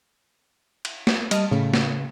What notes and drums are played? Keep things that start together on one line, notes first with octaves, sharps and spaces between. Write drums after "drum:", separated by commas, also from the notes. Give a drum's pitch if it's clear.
drum: cymbal
drum: snare
G3 D#5 A5 D#6 F6, drum: cymbal
A2 C#3 A3
drum: snare